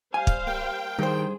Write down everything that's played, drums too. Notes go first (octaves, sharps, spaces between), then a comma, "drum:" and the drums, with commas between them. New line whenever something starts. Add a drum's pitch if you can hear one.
G3 C5 F5 G#5
drum: kick
A#3 G5
G2 D#3 G#4 C5